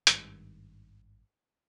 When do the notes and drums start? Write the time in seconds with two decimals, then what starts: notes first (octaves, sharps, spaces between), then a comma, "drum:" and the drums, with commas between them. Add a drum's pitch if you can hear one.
0.07 G#1 G2 D#3, drum: hi-hat